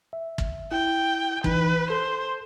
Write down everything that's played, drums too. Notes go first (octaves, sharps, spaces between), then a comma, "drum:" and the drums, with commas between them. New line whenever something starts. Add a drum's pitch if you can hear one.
E5
drum: kick
E4 G5
E3 D#4 B4, drum: kick
A4 C5